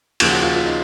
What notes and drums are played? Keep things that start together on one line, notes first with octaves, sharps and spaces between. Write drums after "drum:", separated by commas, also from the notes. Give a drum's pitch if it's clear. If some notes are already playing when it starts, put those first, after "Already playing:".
D#2 C#3 F3 F4, drum: cymbal
F#4
F4
F4
D#4